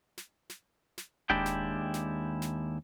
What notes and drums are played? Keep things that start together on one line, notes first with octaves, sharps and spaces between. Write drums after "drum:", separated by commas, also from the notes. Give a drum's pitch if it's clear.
drum: snare
drum: snare
drum: snare
D#2 G#3 D4 E4 G4 G5, drum: kick D#1
drum: snare
drum: snare
drum: snare